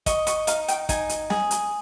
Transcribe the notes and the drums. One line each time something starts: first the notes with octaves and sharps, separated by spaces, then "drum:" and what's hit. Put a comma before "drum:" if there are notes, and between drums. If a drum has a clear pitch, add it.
D#5 C#6, drum: kick, hi-hat
C#6, drum: hi-hat
D#4 F5, drum: hi-hat
G5, drum: hi-hat
D#4 G#5, drum: kick, hi-hat
drum: hi-hat
G#4, drum: snare
drum: hi-hat